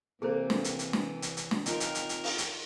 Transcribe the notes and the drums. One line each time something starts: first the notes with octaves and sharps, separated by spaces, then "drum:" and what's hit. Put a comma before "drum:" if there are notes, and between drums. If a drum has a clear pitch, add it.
C3 E3 A#3 G#4 A4 C5
drum: snare
drum: hi-hat
drum: hi-hat
drum: snare
drum: hi-hat
drum: hi-hat
drum: snare
D#4 F4 A#4 G5, drum: hi-hat
drum: hi-hat
drum: hi-hat
drum: hi-hat
drum: open hi-hat
drum: hi-hat